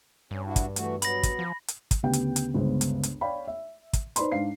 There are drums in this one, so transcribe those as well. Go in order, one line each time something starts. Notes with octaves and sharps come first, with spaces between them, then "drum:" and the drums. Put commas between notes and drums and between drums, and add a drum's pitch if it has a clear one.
G2 C#4
D4 E4 F#4
drum: kick, hi-hat
E3 A3 F#4, drum: hi-hat
F#3 B3 B5 A#6, drum: hi-hat
drum: kick, hi-hat
F3
drum: hi-hat
drum: kick, hi-hat
D2 C#3 B3 G4 G5
drum: hi-hat
drum: hi-hat
G1 C#2 B3 C5
drum: hi-hat
drum: hi-hat
C#5 D5 F5 G5 B5
E5
drum: kick, hi-hat
D#4 B4 C5 D5 B5 C6, drum: hi-hat
G#2 D4 F5 C7